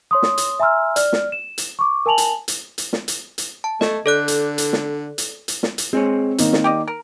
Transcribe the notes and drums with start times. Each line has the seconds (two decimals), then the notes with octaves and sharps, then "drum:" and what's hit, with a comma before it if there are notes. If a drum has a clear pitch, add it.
0.11 C#5 C6 D#6
0.23 drum: snare
0.38 drum: hi-hat
0.60 E5 G#5 A#5 C6 E6 F6
0.96 D5 F6, drum: hi-hat
1.13 drum: snare
1.32 E7
1.58 drum: hi-hat
1.79 C#6 D6
2.06 A#4 G#5 A5 F7 F#7
2.18 drum: hi-hat
2.48 drum: hi-hat
2.78 drum: hi-hat
2.93 drum: snare
3.08 drum: hi-hat
3.38 drum: hi-hat
3.64 A5
3.81 A3 D#5, drum: snare
4.06 D3 A4 D5 F#6
4.28 drum: hi-hat
4.58 drum: hi-hat
4.73 drum: snare
5.18 drum: hi-hat
5.48 drum: hi-hat
5.63 drum: snare
5.78 drum: hi-hat
5.93 G#3 C4 C5 C#5
6.38 D#3 A#3 D#4, drum: hi-hat
6.53 drum: snare
6.64 G4 D5 D#5
6.88 A#4